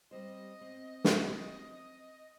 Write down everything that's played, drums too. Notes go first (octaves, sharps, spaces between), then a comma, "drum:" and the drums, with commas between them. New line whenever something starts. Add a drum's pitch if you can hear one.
G3 C4 C5 D#5
C4
drum: snare